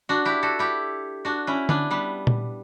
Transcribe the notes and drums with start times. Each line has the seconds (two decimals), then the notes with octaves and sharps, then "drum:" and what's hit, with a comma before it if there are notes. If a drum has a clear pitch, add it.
0.09 D4 F#4
0.25 E4 G4
0.43 F#4 A4
0.59 E4 G4
1.25 D4 F#4
1.47 C#4 E4
1.69 B3 D4, drum: tom D3
1.91 G3 B3
2.27 drum: tom A#2